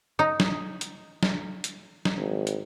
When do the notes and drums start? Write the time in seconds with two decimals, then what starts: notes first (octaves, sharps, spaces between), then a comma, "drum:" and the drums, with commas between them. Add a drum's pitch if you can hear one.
0.19 D#4
0.40 drum: snare
0.81 drum: hi-hat
1.23 drum: snare
1.64 drum: hi-hat
2.05 drum: snare
2.17 G#1
2.47 drum: hi-hat